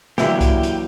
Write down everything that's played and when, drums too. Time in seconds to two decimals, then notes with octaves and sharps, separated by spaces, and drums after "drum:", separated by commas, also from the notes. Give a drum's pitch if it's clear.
0.18 D3 E3 F#3 A#3 E4 G4, drum: snare
0.41 drum: kick C2, hi-hat
0.63 drum: hi-hat